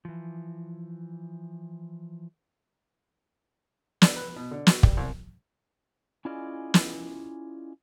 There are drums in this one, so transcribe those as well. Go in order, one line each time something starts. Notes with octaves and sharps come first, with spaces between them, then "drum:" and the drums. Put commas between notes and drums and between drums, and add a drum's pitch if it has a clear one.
E3 F3
D4, drum: snare
B4
B2
D3
F#4, drum: snare
G3, drum: kick
C2
C#4 E4 F4 G#4 D5 D#5
drum: snare